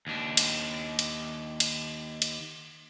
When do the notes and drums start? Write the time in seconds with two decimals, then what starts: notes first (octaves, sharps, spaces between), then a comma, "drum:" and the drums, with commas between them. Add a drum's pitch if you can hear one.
0.07 D#2 D4
0.37 drum: cymbal
0.99 drum: cymbal
1.60 drum: cymbal
2.22 drum: cymbal